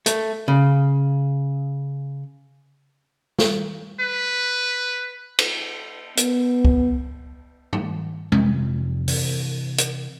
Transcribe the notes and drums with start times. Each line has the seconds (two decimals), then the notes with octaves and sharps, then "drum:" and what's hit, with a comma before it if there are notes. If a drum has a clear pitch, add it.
0.06 A3, drum: hi-hat
0.48 C#3
3.39 drum: snare
4.00 B4
5.39 drum: cymbal
6.17 B3, drum: hi-hat
6.65 drum: kick
7.73 drum: tom
8.32 F2 C3 E3 F3, drum: tom G#3
9.08 C3 E3, drum: open hi-hat
9.78 drum: hi-hat